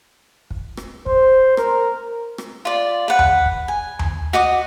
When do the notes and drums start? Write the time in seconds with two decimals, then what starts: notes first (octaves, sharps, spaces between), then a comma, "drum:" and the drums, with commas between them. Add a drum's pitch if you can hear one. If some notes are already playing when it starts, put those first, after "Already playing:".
0.51 drum: kick
0.77 drum: rim click
1.06 C5, drum: kick
1.57 A#4, drum: rim click
2.38 drum: rim click
2.65 F4 D5
3.08 B4 F#5
3.19 drum: tom D#2
3.46 drum: kick
3.68 G#5
3.99 drum: tom D#2
4.33 F#4 D#5 D6